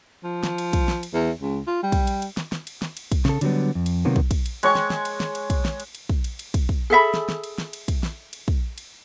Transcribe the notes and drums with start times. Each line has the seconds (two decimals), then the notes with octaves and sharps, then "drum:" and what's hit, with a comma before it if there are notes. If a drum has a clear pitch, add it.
0.24 F3
0.43 drum: snare
0.58 drum: cymbal
0.73 drum: kick, cymbal
0.88 drum: snare
1.03 drum: cymbal
1.13 E2
1.40 C#2
1.67 F4
1.83 G3
1.92 drum: kick, cymbal
2.07 drum: cymbal
2.22 drum: cymbal
2.37 drum: snare
2.52 drum: snare
2.67 drum: cymbal
2.82 drum: snare
2.97 drum: cymbal
3.12 drum: kick, cymbal
3.25 C#3 A4, drum: snare
3.41 D3 F#3 G3 B3, drum: cymbal
3.75 F2
3.86 drum: cymbal
4.05 C3 D#3 F#3 A#3 B3
4.16 drum: kick
4.31 drum: kick, cymbal
4.46 drum: cymbal
4.63 G#3 C#5 C#6, drum: cymbal
4.75 drum: snare
4.90 drum: snare
5.05 drum: cymbal
5.20 drum: snare
5.35 drum: cymbal
5.50 drum: kick, cymbal
5.65 drum: snare
5.80 drum: cymbal
5.95 drum: cymbal
6.09 drum: kick
6.24 drum: cymbal
6.39 drum: cymbal
6.54 drum: kick, cymbal
6.69 drum: kick
6.90 G#4 A4 E5 B5
7.14 drum: snare
7.29 drum: snare
7.44 drum: cymbal
7.58 drum: snare
7.73 drum: cymbal
7.88 drum: kick, cymbal
8.03 drum: snare
8.33 drum: cymbal
8.48 drum: kick
8.78 drum: cymbal